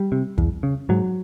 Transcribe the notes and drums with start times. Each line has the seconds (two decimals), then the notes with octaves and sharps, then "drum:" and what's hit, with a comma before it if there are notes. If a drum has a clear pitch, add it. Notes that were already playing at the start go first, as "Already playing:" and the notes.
Already playing: G3
0.12 C3
0.38 E2, drum: kick
0.63 C#3
0.89 G#2 F#3